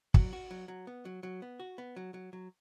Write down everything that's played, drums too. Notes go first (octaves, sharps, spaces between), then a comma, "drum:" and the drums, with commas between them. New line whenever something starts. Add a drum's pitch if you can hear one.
F#3, drum: kick
F#4
F#3
F#3
B3
F#3
F#3
B3
F#4
B3
F#3
F#3
F#3